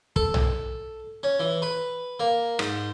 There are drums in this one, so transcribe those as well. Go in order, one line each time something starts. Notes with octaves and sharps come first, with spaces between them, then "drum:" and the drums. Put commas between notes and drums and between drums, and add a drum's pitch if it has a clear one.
A4, drum: kick
drum: tom B1
C#4
E3
B4
A#3
G#2, drum: rim click